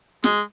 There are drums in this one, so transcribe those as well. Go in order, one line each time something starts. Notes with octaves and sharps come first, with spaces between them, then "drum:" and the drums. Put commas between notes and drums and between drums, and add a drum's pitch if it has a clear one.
G#3, drum: snare